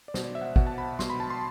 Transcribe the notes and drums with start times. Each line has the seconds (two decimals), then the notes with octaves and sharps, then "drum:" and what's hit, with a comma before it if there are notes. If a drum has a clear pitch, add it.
0.08 D5
0.14 B2 C5, drum: snare
0.24 D5
0.35 E5
0.41 F#5
0.45 E5
0.56 B2 F#5, drum: kick
0.67 A5
0.78 B5
0.99 B2 C6, drum: snare
1.10 B5
1.20 A5
1.30 C6